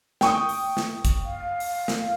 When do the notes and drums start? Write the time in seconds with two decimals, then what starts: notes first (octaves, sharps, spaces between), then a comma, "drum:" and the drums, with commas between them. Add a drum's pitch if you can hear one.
0.21 G5 C#6 D#6, drum: snare
0.49 drum: open hi-hat
0.77 drum: snare
1.05 drum: kick, hi-hat
1.25 F5
1.60 drum: open hi-hat
1.88 drum: snare